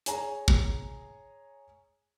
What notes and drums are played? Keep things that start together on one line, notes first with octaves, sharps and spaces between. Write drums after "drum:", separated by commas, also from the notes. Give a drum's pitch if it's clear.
G#4 C#5 G#5 A#5, drum: hi-hat
drum: kick